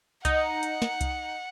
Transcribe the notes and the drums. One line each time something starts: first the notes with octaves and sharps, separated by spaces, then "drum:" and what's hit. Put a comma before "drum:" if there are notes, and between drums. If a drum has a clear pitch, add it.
D#4 F#5, drum: kick C2, hi-hat
drum: hi-hat
drum: snare
drum: kick C2, hi-hat